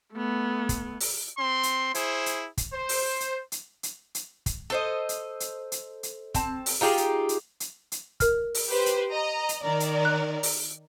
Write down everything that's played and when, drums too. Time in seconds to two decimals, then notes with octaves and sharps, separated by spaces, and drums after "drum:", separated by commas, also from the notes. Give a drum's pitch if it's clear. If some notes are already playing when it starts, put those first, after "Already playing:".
0.13 A3 B3
0.69 drum: kick, hi-hat
1.00 drum: open hi-hat
1.38 C4 C6
1.63 drum: hi-hat
1.94 E4 G#4 C5, drum: hi-hat
2.26 drum: hi-hat
2.57 drum: kick, hi-hat
2.72 C5
2.89 drum: open hi-hat
3.20 drum: hi-hat
3.52 drum: hi-hat
3.83 drum: hi-hat
4.15 drum: hi-hat
4.46 drum: kick, hi-hat
4.70 A4 C5 D#5
5.09 drum: hi-hat
5.40 drum: hi-hat
5.72 drum: hi-hat
6.03 drum: hi-hat
6.35 C4 A5, drum: kick, hi-hat
6.66 drum: open hi-hat
6.81 D#4 F4 G4 G#4
6.97 drum: hi-hat
7.29 drum: hi-hat
7.60 drum: hi-hat
7.92 drum: hi-hat
8.20 A#4 F6, drum: kick, hi-hat
8.54 drum: open hi-hat
8.67 G4 B4 C5
8.86 drum: hi-hat
9.10 D#5 A#5
9.49 drum: hi-hat
9.63 D#3 A#4 D5
9.80 drum: hi-hat
10.05 F#6
10.43 drum: open hi-hat